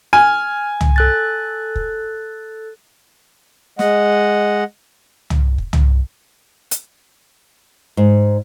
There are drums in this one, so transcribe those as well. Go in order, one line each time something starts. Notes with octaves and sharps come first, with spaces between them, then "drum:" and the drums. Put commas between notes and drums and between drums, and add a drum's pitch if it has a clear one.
G#5 F6
drum: tom
A4 F#6 A6
drum: kick
G#3 D#5 F#5, drum: snare
drum: tom
drum: kick
drum: tom
drum: hi-hat
G#2